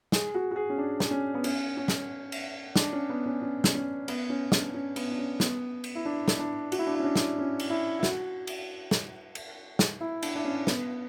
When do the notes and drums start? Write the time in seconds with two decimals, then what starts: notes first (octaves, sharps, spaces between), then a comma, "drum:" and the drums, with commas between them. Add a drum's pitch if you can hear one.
0.12 G#4, drum: snare
0.35 F#4
0.51 F#4
0.56 G#4
0.70 C#4
0.78 D4
1.00 drum: snare
1.11 C#4
1.34 B3
1.44 C#4, drum: cymbal
1.77 C#4
1.88 drum: snare
2.32 drum: cymbal
2.76 D4, drum: snare
2.92 C#4
3.09 B3
3.26 C#4
3.42 C#4
3.64 drum: snare
3.75 C#4
4.08 B3, drum: cymbal
4.30 C#4
4.52 D4, drum: snare
4.74 C#4
4.96 B3, drum: cymbal
5.11 D4
5.18 C#4
5.40 B3, drum: snare
5.84 drum: cymbal
5.95 E4
6.05 D4
6.28 drum: snare
6.39 D4
6.72 F#4, drum: cymbal
6.79 E4
6.87 D4
6.95 E4
7.00 C#4
7.04 D4
7.16 drum: snare
7.38 C#4
7.59 drum: cymbal
7.70 E4
7.99 E4
8.03 F#4, drum: snare
8.47 drum: cymbal
8.91 drum: snare
9.35 drum: cymbal
9.79 drum: snare
10.01 E4
10.23 D4, drum: cymbal
10.35 D4
10.45 C#4
10.67 B3, drum: snare